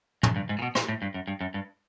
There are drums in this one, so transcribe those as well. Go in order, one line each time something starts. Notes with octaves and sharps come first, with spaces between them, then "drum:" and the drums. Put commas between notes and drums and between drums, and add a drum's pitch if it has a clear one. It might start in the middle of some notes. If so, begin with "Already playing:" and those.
F#2, drum: tom
G2
G#2
A#2
B2
A#2, drum: rim click
A2
G2
F#2
G2
F#2
G2